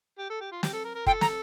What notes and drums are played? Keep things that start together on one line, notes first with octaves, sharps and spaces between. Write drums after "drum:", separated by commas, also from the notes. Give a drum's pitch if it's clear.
G4
A4
G4
F4
G4, drum: snare
A4
A#4
A#4
F4 A4 G5, drum: kick
A#5, drum: snare